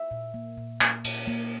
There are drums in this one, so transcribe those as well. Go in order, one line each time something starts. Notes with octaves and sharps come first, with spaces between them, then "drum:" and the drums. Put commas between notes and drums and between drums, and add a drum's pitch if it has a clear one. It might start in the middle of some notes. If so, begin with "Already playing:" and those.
Already playing: E5
A#2
A#3
A#2
A#3, drum: clap
A#2, drum: cymbal
A#3